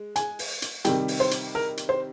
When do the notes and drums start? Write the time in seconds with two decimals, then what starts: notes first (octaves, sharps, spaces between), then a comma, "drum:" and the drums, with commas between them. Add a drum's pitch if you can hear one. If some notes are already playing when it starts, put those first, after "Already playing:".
Already playing: G#3
0.16 G#5, drum: hi-hat
0.39 drum: open hi-hat
0.62 drum: hi-hat
0.85 C3 D#3 G3 G5, drum: hi-hat
1.08 drum: open hi-hat
1.20 C5
1.31 drum: hi-hat
1.55 A#4
1.77 drum: hi-hat
1.89 C5